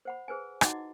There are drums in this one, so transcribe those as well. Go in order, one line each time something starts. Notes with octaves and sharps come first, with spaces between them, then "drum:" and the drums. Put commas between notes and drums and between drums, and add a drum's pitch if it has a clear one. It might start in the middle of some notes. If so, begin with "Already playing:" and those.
C5 F#5 B5
G#4 B4 C5 G#5
D#4 E4 F#4 D#5 F#5 D6, drum: rim click